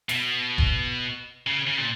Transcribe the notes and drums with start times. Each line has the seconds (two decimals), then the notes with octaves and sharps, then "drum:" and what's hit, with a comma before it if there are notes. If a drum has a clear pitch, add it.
0.09 B2, drum: hi-hat
0.58 drum: kick F1
1.47 C#3
1.67 C#3
1.78 A#2